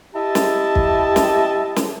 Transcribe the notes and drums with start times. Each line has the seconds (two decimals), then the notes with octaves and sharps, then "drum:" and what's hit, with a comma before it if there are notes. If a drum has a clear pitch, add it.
0.15 E4 G4 D#5 E5 A5
0.35 drum: snare
0.75 drum: kick
1.16 drum: snare
1.76 drum: snare